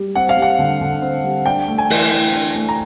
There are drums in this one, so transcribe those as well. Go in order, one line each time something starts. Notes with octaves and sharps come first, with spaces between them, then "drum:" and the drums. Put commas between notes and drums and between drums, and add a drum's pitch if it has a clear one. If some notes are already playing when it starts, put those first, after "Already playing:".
Already playing: G3
C4 F#5
F5
G3
F#5
D3
D3
C4
G3
D4 G5
A3
G#5
E3, drum: open hi-hat
E3
D4
A3
A#5